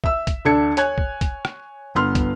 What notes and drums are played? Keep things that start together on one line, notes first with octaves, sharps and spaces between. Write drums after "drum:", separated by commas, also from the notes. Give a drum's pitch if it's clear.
E5 E6, drum: kick
drum: kick, hi-hat
D2 D3 D4 A4 G#6 C#7
C#5 G#5 F#6 G#6, drum: hi-hat
drum: kick
drum: kick, hi-hat
drum: rim click
G1 B3 C6 F6
drum: kick, hi-hat